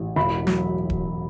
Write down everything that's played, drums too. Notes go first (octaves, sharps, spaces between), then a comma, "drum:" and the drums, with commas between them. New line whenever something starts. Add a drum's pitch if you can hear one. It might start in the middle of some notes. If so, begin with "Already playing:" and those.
Already playing: A1
E1 B5
F#3, drum: snare
drum: kick D#1